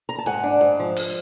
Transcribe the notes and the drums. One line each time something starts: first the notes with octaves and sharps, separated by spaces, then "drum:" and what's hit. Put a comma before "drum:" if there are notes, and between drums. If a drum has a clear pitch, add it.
A#5
A5
G#2 F#5 G#5, drum: hi-hat
D4
G#2
F3
drum: open hi-hat